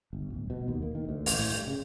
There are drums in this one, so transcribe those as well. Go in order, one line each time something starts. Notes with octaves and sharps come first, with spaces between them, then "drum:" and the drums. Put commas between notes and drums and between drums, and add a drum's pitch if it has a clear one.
G1
D1
B2
D#2
A#3
D#3
D2
A1, drum: open hi-hat
A2
G2
C#3